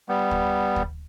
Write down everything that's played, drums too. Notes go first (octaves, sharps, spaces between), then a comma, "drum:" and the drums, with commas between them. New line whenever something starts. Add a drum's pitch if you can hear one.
G3 B3
drum: kick
drum: kick